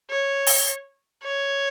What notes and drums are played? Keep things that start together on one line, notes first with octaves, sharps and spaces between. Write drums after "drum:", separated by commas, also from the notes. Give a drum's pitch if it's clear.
C#5
drum: open hi-hat
C#5